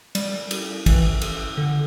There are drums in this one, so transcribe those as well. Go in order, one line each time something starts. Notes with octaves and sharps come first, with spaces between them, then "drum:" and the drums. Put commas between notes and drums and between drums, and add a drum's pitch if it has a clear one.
G3, drum: cymbal
drum: cymbal
E3, drum: kick, cymbal
drum: cymbal
D3